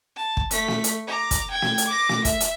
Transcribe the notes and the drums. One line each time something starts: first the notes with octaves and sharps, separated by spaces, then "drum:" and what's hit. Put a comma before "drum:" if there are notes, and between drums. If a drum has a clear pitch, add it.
A5
drum: kick
A3 B6, drum: hi-hat
drum: snare
drum: hi-hat
A#5 D6
drum: kick, hi-hat
G5 G#6
drum: snare
drum: hi-hat
D6 A#6
drum: snare
E5, drum: kick, hi-hat
drum: hi-hat